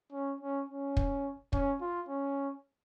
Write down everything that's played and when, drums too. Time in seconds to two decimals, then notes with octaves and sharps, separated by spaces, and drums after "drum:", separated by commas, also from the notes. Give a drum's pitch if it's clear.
0.12 C#4
0.41 C#4
0.69 C#4
0.97 drum: kick
1.53 C#4, drum: kick
1.81 F4
2.09 C#4